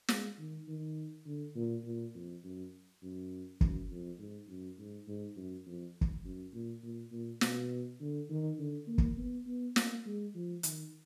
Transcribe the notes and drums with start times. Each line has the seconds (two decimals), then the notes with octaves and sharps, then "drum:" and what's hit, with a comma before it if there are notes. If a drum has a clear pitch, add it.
0.08 G#3, drum: snare
0.38 D#3
0.67 D#3
1.26 D3
1.55 A#2
1.84 A#2
2.15 F2
2.44 F#2
3.02 F#2
3.61 F#2, drum: kick
3.90 F2
4.19 G#2
4.48 F#2
4.78 G#2
5.08 G#2
5.36 F#2
5.66 F2
6.01 drum: kick
6.25 F#2
6.53 A#2
6.83 A#2
7.12 A#2
7.41 B2, drum: snare
8.00 D3
8.29 D#3
8.59 D3
8.87 A#3
8.98 drum: kick
9.17 B3
9.47 B3
9.76 A#3, drum: snare
10.06 G#3
10.34 F3
10.63 D#3, drum: hi-hat